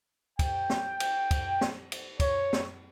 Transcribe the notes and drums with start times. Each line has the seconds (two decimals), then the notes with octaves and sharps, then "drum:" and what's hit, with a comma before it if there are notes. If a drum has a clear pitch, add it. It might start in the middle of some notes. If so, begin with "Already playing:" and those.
0.39 G5, drum: kick, cymbal
0.70 drum: snare
1.00 drum: cymbal
1.31 drum: kick, cymbal
1.61 drum: snare
1.92 drum: cymbal
2.20 C#5, drum: kick, cymbal
2.53 drum: snare